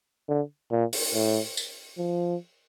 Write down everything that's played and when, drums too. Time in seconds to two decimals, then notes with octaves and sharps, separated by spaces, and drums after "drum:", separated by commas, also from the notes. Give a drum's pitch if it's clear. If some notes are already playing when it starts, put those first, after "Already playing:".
0.29 D3
0.71 A#2
0.93 drum: open hi-hat
1.14 A2
1.57 drum: tambourine
1.98 F3